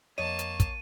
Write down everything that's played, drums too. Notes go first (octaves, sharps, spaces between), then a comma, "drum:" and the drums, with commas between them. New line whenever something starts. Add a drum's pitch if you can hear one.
F2 A#3 C#5 D#5 A5 D#7
drum: hi-hat
drum: kick, hi-hat